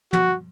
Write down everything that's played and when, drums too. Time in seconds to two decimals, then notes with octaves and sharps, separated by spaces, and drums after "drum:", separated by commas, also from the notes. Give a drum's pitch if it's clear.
0.13 F#4, drum: tom